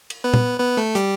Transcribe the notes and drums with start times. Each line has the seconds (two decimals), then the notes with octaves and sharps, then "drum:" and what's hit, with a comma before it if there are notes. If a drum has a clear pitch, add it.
0.10 drum: cymbal
0.24 B3 B4
0.34 drum: tom A#2
0.59 B3 B4
0.77 A3 A4
0.95 G3 G4, drum: hi-hat